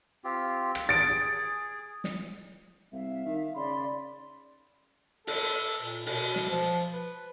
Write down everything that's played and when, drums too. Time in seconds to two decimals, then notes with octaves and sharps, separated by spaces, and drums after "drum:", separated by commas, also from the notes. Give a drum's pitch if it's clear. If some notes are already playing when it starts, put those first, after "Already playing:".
0.24 C4 F4 G4
0.75 drum: rim click
0.89 G#4 A6 D7
2.04 drum: snare
2.92 C2 E5 F5
3.26 D#3
3.56 C#3 D5 B5 C6
5.27 A4, drum: open hi-hat
5.81 A#2
6.06 B2, drum: open hi-hat
6.36 drum: snare
6.49 F3
6.93 B4